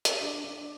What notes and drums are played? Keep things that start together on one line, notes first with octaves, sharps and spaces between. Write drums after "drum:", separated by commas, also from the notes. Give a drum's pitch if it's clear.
drum: hi-hat
D4 D5
D4